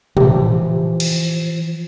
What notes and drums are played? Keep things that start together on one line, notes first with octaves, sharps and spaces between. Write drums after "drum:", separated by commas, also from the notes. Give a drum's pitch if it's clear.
E3 F3 G4, drum: tom
drum: cymbal